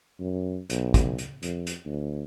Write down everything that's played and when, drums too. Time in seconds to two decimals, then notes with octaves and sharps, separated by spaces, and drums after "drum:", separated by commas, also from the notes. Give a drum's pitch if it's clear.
0.20 F#2
0.70 B1, drum: hi-hat
0.94 drum: kick, hi-hat
1.18 drum: hi-hat
1.42 F2, drum: hi-hat
1.67 drum: hi-hat
1.86 D2